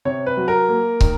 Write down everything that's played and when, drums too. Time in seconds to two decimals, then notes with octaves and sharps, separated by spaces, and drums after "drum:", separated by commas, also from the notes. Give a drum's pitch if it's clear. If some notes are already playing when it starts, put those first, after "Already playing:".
0.05 C3 C#5
0.26 B4
0.37 F#3
0.48 A#4
0.69 A#3
1.01 D#3, drum: kick